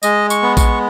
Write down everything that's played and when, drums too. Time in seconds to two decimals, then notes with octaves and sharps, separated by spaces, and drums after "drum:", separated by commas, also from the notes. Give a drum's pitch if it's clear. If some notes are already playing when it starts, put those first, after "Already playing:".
0.03 G#3 D#5, drum: tambourine
0.30 C#6, drum: tambourine
0.42 B3
0.57 C#6, drum: kick A#1, tambourine